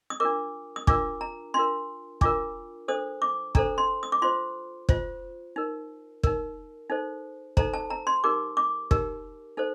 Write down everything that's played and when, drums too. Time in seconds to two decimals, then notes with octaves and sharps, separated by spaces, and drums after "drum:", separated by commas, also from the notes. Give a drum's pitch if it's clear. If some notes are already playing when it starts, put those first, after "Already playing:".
0.10 D#6
0.20 D4 F4 A#4 D6
0.76 D#6
0.87 D4 F4 A#4 D6, drum: kick
1.21 A#5
1.54 D4 F4 A#4 C6
2.21 D4 F4 A#4 D6, drum: kick
2.88 D4 A4 C5 D#6
3.22 D6
3.55 D4 A4 C5 A#5, drum: kick
3.78 C6
4.03 D#6
4.12 D6
4.22 F4 C5 C6
4.89 F4 C5, drum: kick
5.56 D#4 A#4
6.23 D#4 A#4, drum: kick
6.90 D#4 A4 C5
7.57 D#4 A4 C5 A#5, drum: kick
7.74 A5
7.90 A#5
8.07 C6
8.24 D#4 G4 A#4 D6
8.57 D6
8.91 D#4 G4 A#4, drum: kick
9.57 D#4 A4 C5